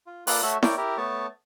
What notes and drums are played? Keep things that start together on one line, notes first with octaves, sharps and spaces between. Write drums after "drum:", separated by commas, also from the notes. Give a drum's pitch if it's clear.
F4
A#3 F4 A4 B4 D5 F#6, drum: open hi-hat
A3 F#4 A4 C#5 E5
E4 A#4 C#5 D5 G5, drum: snare E4
E4 G4 A#4
A3 B3 C#5 A5